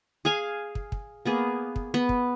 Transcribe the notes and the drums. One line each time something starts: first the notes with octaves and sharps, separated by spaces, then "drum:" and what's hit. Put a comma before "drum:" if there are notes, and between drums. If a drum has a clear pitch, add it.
G#4 F5 G#5
drum: kick
drum: kick
A#3 B3 G#4
drum: kick
B3
drum: kick